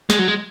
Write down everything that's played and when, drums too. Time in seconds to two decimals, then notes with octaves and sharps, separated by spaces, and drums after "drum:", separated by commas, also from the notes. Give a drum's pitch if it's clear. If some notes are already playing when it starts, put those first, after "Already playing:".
0.10 G#3, drum: snare
0.19 F#3
0.28 G#3